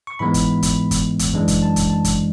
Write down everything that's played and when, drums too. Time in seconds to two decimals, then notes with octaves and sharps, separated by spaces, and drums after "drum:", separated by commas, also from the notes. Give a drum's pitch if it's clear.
0.07 C#6
0.19 G#2 E3 G#3 B3 B5
0.34 drum: kick, hi-hat
0.63 drum: kick, hi-hat
0.91 drum: kick, hi-hat
1.19 drum: kick, hi-hat
1.33 F#2 E3 G#3 D4
1.48 drum: kick, hi-hat
1.63 A5
1.76 drum: kick, hi-hat
1.90 A5
2.04 drum: kick, hi-hat